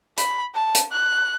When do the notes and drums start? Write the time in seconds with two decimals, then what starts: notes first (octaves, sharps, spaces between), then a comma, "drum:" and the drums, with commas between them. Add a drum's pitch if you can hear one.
0.18 B5, drum: hi-hat
0.54 A5
0.75 drum: hi-hat
0.92 F#6